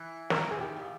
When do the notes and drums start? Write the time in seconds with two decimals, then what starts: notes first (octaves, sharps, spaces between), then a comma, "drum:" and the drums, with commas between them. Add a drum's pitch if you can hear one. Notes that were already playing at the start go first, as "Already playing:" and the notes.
Already playing: E3
0.30 A#4, drum: snare
0.51 G#4
0.61 D#3 G4
0.77 A#2